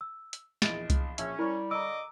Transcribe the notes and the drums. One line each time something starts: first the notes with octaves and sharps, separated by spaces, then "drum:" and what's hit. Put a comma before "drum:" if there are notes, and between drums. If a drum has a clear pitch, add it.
E6
drum: hi-hat
A#1 E2 D#5 A6 D7, drum: snare
drum: kick C2, hi-hat
A#1 C#4 E5, drum: hi-hat
G3 E4 A#4 C#6
D3 D#5 A#5 D6 E6